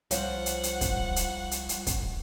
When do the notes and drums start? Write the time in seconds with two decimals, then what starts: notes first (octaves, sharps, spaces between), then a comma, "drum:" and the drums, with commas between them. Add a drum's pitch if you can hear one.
0.11 C2 F3 G3 C#5 F#5, drum: hi-hat
0.46 drum: hi-hat
0.63 drum: hi-hat
0.81 drum: kick, hi-hat
1.16 drum: hi-hat
1.51 drum: hi-hat
1.69 drum: hi-hat
1.87 drum: kick, hi-hat